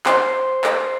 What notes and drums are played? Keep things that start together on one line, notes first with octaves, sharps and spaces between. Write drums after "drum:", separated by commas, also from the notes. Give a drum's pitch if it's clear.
C5, drum: clap
drum: clap